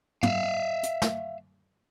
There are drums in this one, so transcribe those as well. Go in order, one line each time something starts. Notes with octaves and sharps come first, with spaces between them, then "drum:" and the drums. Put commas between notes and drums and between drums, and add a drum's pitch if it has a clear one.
E5 F5, drum: tom
drum: hi-hat
drum: snare